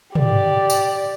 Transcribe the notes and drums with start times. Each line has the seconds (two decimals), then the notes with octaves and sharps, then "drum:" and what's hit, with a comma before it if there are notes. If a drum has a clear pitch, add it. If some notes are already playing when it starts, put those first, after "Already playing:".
0.15 G4 D5, drum: tom
0.70 drum: tambourine